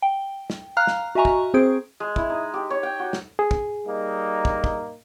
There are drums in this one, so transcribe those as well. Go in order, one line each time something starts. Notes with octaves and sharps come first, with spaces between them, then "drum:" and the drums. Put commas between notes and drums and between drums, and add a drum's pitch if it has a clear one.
G5
drum: snare
F5 A#5 F6 F#6
drum: snare
F#4 D#5 E5 G#5 A#5 C#6
drum: kick
C4 G#4 C5 D7
G#3
E4, drum: kick
D#4
G4
C#5
G5
F#4
drum: snare
G#4
drum: kick
G3 A#3 D#4
drum: kick
drum: kick